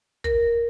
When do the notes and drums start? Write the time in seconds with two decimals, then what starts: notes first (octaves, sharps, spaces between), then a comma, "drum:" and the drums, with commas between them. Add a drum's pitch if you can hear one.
0.24 A#4, drum: kick